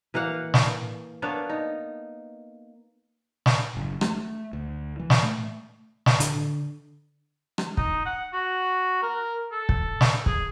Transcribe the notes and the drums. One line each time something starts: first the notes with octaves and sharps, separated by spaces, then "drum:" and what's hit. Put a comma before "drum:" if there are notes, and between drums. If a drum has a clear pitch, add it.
E3 A#3 F5 F#5
drum: snare
A#3 B3 D4 C#5
D#4
drum: snare
F#1
A3, drum: rim click
D2
E3
drum: snare
A3
drum: snare
D3, drum: hi-hat
drum: rim click
D#4, drum: kick
F#5
F#4
A#4
A4
drum: kick
drum: snare
G#4, drum: kick